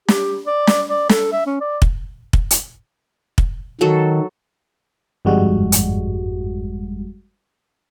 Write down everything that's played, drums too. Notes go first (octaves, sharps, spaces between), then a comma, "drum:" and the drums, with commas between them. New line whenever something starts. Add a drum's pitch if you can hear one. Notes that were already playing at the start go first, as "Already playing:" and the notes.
G4, drum: snare
D5
drum: snare
D5
A4, drum: snare
E5
C#4
D5
drum: kick
drum: kick
drum: hi-hat
drum: kick
D#3 F#3 A4
G1 F2 G#2 G3 G#3 F#4
drum: hi-hat